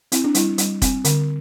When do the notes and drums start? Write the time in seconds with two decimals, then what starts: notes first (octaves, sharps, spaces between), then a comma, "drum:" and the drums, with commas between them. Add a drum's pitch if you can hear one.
0.12 C4 E4, drum: hi-hat
0.24 D4
0.35 G3 E4, drum: hi-hat
0.58 G3, drum: hi-hat
0.82 C4, drum: kick F1, hi-hat
1.05 D3, drum: hi-hat